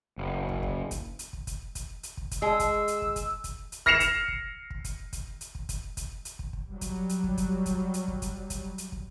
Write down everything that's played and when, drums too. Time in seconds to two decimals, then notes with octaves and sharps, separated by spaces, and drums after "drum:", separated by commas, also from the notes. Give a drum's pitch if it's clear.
0.18 F#1
0.49 drum: kick
0.63 drum: kick
0.91 drum: kick, hi-hat
1.19 drum: hi-hat
1.33 drum: kick
1.47 drum: kick, hi-hat
1.75 drum: kick, hi-hat
2.03 drum: hi-hat
2.17 drum: kick
2.31 drum: kick, hi-hat
2.42 G#3 E6
2.60 drum: kick, hi-hat
2.88 drum: hi-hat
3.02 drum: kick
3.16 drum: kick, hi-hat
3.44 drum: kick, hi-hat
3.72 drum: hi-hat
3.86 F6 A#6 C7 C#7 E7 F7, drum: kick
4.00 drum: kick, hi-hat
4.28 drum: kick
4.70 drum: kick
4.84 drum: kick, hi-hat
5.13 drum: kick, hi-hat
5.41 drum: hi-hat
5.55 drum: kick
5.69 drum: kick, hi-hat
5.97 drum: kick, hi-hat
6.25 drum: hi-hat
6.39 drum: kick
6.53 drum: kick
6.69 F#3 G3
6.81 drum: kick, hi-hat
7.09 drum: hi-hat
7.23 drum: kick
7.38 drum: kick, hi-hat
7.66 drum: kick, hi-hat
7.94 drum: hi-hat
8.08 drum: kick
8.22 drum: kick, hi-hat
8.50 drum: kick, hi-hat
8.78 drum: hi-hat
8.92 drum: kick